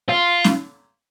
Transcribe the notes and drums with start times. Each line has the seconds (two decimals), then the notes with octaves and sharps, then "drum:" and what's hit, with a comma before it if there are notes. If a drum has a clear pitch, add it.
0.09 F4
0.44 drum: snare